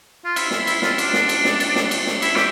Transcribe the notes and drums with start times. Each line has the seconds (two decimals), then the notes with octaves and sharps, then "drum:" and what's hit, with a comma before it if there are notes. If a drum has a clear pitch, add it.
0.25 F4
0.36 E4, drum: cymbal
0.51 E4, drum: snare
0.67 E4, drum: cymbal
0.82 F4, drum: snare
0.98 D4, drum: cymbal
1.13 drum: snare
1.29 drum: cymbal
1.44 drum: snare
1.60 drum: cymbal
1.76 drum: snare
1.91 drum: cymbal
2.07 drum: snare
2.22 E4, drum: cymbal
2.36 G4, drum: snare